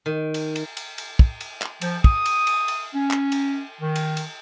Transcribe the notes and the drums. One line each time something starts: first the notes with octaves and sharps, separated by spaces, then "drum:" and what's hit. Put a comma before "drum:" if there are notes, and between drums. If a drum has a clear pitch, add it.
D#3
drum: cymbal
drum: cymbal
drum: cymbal
drum: cymbal
drum: kick
drum: cymbal
drum: clap
F3, drum: cymbal
D#6, drum: kick
drum: cymbal
drum: cymbal
drum: cymbal
C#4
drum: clap
drum: cymbal
D#3
drum: cymbal
drum: cymbal